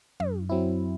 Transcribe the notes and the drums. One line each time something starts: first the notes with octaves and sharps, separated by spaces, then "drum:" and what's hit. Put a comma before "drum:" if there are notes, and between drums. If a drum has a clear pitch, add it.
F#2, drum: tom
F#3 C4 E4